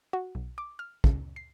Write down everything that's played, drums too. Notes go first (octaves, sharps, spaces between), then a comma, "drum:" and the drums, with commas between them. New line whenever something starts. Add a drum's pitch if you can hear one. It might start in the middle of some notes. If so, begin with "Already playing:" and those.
F#4
B1
D6
F6
C#3, drum: kick
C7